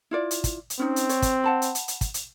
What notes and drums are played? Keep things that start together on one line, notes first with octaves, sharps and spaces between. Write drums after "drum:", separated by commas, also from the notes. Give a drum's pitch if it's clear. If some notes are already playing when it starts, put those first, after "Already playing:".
E4 F4 D5
drum: hi-hat
drum: kick, hi-hat
drum: hi-hat
C4 C#4 D#4
drum: hi-hat
C#5, drum: hi-hat
drum: kick, hi-hat
F#5 A5 B5
drum: hi-hat
drum: hi-hat
drum: hi-hat
drum: kick, hi-hat
drum: hi-hat